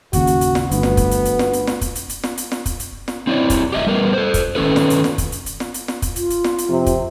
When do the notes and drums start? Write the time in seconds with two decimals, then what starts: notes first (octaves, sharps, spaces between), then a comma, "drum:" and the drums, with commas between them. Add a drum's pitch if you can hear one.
0.13 G#1 D#2 C#3 F#4, drum: kick, hi-hat
0.27 drum: hi-hat
0.41 drum: hi-hat
0.55 drum: snare
0.71 G1 D2 B3, drum: hi-hat
0.83 drum: snare
0.97 drum: kick, hi-hat
1.11 drum: hi-hat
1.25 drum: hi-hat
1.39 drum: snare
1.53 drum: hi-hat
1.67 drum: snare
1.81 drum: kick, hi-hat
1.95 drum: hi-hat
2.09 drum: hi-hat
2.23 drum: snare
2.38 drum: hi-hat
2.52 drum: snare
2.66 drum: kick, hi-hat
2.80 drum: hi-hat
3.08 drum: snare
3.27 C4 E4 C#5 D5
3.50 drum: kick, hi-hat
3.72 G4 D#5 E5
3.87 G3 B3 A#4 B4
4.13 A4 C5
4.34 drum: kick, hi-hat
4.55 D#3 E3 C#4 A4 B4
4.76 drum: snare
4.90 drum: hi-hat
5.04 drum: snare
5.18 drum: kick, hi-hat
5.32 drum: hi-hat
5.46 drum: hi-hat
5.60 drum: snare
5.74 drum: hi-hat
5.88 drum: snare
6.02 drum: kick, hi-hat
6.16 F4, drum: hi-hat
6.30 drum: hi-hat
6.44 drum: snare
6.58 drum: hi-hat
6.69 F2 C3
6.86 drum: kick, hi-hat